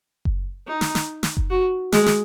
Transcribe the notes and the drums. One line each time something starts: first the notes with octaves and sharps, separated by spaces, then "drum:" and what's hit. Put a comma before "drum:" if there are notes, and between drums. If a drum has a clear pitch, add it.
drum: kick F#1
D#4
drum: snare
drum: snare
drum: snare
drum: kick F#1
F#4
G#3, drum: snare
drum: snare